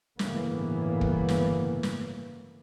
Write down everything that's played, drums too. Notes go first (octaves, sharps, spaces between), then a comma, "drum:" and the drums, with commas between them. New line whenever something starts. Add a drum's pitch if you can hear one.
G1 A2 C#3 E3 A#3 B3, drum: snare
drum: kick
drum: snare
drum: snare